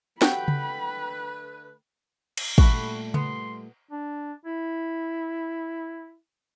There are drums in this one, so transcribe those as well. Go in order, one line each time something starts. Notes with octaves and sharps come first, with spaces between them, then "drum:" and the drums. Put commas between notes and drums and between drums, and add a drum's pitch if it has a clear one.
D3 F#3 A3 F#4 G4 B4 G5 B5, drum: snare
drum: tom C#3
drum: cymbal
A#2 G3 A3 D4 F#4 B5, drum: kick
B3 C6, drum: tom C#3
D4
E4